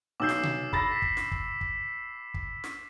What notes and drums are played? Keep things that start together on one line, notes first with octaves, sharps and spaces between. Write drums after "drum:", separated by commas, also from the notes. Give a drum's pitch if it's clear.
B1 D6 E6 G6 C7
drum: snare
drum: tom B2
B5 A6 A#6, drum: kick
B6
drum: kick
drum: snare
drum: kick
drum: kick
drum: kick
drum: snare